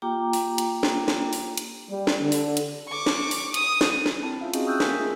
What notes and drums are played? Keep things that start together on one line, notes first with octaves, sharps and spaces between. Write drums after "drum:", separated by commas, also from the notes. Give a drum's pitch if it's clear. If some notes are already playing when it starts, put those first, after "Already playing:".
A#3 F4 G4 G5 A#5 D6
drum: open hi-hat
drum: hi-hat
drum: snare
drum: snare
drum: open hi-hat
drum: hi-hat
G3
drum: snare
D3
drum: open hi-hat
drum: hi-hat
C#6 D6
drum: snare
drum: open hi-hat
D#6, drum: hi-hat
drum: snare
drum: snare
C4 E4 A5
C#4 F4 E5 F5 A5
C4 C#4 D#4 F#4 G#4 D#5, drum: hi-hat
G5 C#6 D#6 E6 F#6 G6
A#3 A#4 G#5 B6, drum: snare
A3 F4 G#4 E5